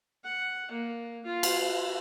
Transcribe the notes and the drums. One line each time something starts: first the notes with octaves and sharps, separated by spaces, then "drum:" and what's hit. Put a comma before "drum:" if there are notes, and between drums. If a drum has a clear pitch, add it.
F#5
A#3
F4
drum: cymbal